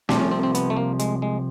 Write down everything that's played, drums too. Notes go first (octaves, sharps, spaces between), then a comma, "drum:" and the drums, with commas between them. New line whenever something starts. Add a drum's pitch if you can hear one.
C2 C3 F3 D4, drum: snare
C#4
C4
C4
B3, drum: hi-hat
A3
A#3
G#3, drum: hi-hat
G#3